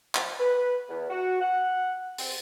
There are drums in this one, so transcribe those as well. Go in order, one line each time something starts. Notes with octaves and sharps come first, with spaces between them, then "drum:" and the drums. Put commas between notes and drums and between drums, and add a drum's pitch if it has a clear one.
F3, drum: clap
B4
E2
F#4
F#5
C4, drum: open hi-hat